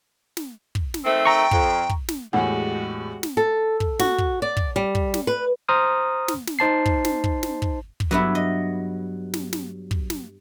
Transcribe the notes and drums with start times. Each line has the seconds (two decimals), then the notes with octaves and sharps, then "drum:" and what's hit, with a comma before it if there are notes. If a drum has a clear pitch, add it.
0.37 drum: snare
0.75 drum: kick
0.94 drum: snare
1.05 D#3 A3 C4
1.25 G5 A#5 C#6
1.51 F2, drum: kick
1.89 drum: kick
2.09 drum: snare
2.33 E2 A2 G#3 F#4 G4 F#5 G#5
3.23 drum: snare
3.37 A4
3.80 drum: kick
3.99 F#4, drum: snare
4.18 drum: kick
4.42 D5
4.57 drum: kick
4.76 G3
4.95 drum: kick
5.14 drum: snare
5.27 B4
5.68 C5 A#5 C6 D#6 F6
6.28 drum: snare
6.47 drum: snare
6.59 D#4 C5 A5 C7
6.86 drum: kick
7.05 drum: snare
7.24 drum: kick
7.43 drum: snare
7.62 drum: kick
8.00 drum: kick
8.11 G2 F#3 B3 E4
8.35 D#5
9.34 drum: snare
9.53 drum: snare
9.91 drum: kick
10.10 drum: snare